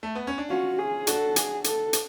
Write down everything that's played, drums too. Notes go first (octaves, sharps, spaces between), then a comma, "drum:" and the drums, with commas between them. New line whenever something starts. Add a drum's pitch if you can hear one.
A3
B3
C#4
D4
C#4 F4 F#4
G#4
D4 F#4 A4, drum: hi-hat
G#4, drum: hi-hat
A4, drum: hi-hat
drum: hi-hat